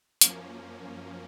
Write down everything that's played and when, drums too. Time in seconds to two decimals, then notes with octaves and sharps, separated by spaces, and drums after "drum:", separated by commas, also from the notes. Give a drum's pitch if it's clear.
0.21 F#2 F3 A#3 C#4, drum: hi-hat